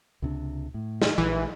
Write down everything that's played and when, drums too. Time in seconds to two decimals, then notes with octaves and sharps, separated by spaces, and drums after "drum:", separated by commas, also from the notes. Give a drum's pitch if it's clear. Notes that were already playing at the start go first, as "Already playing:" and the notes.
0.22 C#2 C3 D4
0.74 A2
1.02 drum: snare
1.18 A#1 E3